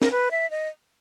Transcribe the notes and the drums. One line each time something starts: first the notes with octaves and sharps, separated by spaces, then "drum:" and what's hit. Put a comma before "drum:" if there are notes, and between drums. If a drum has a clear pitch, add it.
A#4, drum: snare
B4
E5
D#5